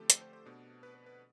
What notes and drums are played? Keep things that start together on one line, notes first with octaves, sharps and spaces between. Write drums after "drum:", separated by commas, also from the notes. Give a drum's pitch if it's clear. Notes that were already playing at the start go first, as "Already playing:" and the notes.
Already playing: D3 F3 A3 C4 G4 A4
C5, drum: hi-hat
C5
C5
B2 B3 D4
B4
B4
B4